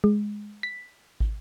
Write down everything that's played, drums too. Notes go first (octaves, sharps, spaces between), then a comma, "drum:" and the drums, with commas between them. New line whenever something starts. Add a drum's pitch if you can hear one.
G#3
B6
drum: kick